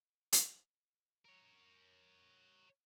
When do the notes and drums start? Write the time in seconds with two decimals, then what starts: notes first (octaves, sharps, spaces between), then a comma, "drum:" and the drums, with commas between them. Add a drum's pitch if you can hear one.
0.33 drum: hi-hat
1.25 A#4 C#5